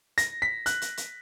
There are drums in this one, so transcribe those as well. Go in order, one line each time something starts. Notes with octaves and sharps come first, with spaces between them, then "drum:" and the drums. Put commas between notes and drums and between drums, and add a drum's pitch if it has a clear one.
A#6, drum: hi-hat
B6
F#6, drum: hi-hat
drum: hi-hat
drum: hi-hat